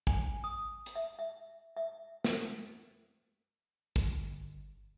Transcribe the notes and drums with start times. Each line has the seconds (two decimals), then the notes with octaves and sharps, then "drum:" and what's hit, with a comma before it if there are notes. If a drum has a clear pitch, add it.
0.07 G#5, drum: kick
0.44 D#6
0.86 drum: hi-hat
0.96 E5
1.19 E5
1.77 E5
2.24 drum: snare
3.96 G1, drum: kick